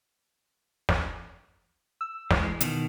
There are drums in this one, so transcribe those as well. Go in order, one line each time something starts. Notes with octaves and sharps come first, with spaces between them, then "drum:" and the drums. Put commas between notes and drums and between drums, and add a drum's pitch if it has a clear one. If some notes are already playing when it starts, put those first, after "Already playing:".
drum: snare
E6
E3 G#3, drum: snare
B2 D#3, drum: hi-hat